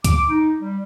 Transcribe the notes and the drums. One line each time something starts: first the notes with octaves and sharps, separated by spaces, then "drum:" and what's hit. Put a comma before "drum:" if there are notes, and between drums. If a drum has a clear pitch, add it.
D6, drum: kick C#2, hi-hat
D#4
G3